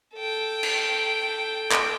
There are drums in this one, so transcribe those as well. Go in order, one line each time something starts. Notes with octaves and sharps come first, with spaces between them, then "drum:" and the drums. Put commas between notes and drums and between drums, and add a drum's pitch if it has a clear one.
A4 G5
drum: cymbal
drum: clap